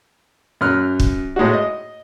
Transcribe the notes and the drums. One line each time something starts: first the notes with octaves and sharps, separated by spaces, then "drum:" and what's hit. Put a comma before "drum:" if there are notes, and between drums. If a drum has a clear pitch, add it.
F#2 F6 F#6
drum: kick
A2 G#3 D#4 F#4
D#5